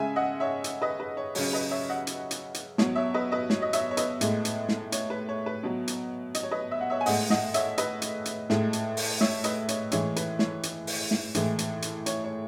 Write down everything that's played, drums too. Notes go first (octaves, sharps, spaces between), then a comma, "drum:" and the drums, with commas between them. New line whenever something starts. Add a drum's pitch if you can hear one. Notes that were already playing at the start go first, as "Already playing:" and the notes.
Already playing: C#3 G#3 E5 G#5
D#5 F#5
C#5 E5
drum: hi-hat
B4 D#5
B4
C#5
C#3 F#3 C#5, drum: open hi-hat
B4 D#5
C#5 E5
D#5 F#5
drum: hi-hat
drum: hi-hat
drum: hi-hat
B2 F#3 C#5, drum: snare
C#5 E5
B4 D#5
B4 D#5
C#5, drum: snare
D#5
C#5 E5, drum: hi-hat
C#5
B4 D#5, drum: hi-hat
A2 G#3, drum: hi-hat
drum: hi-hat
drum: snare
C#5, drum: hi-hat
B4
C#5
B4
B2 F#3
drum: hi-hat
D#5, drum: hi-hat
C#5
B4 D#5
E5
F#5
C#5 E5
G#5
A2 G#3 D#5 F#5, drum: open hi-hat
D#5 F#5, drum: snare
C#5 E5, drum: hi-hat
B4 D#5, drum: hi-hat
drum: hi-hat
drum: hi-hat
A2 G#3, drum: snare
drum: hi-hat
drum: open hi-hat
C#5 E5, drum: snare
B4 D#5, drum: hi-hat
C#5, drum: hi-hat
A2 E3 G#3 C#5, drum: hi-hat
B4, drum: hi-hat
C#5, drum: snare
drum: hi-hat
drum: open hi-hat
drum: snare
A2 E3 G#3, drum: hi-hat
drum: hi-hat
drum: hi-hat
C#5, drum: hi-hat
C#5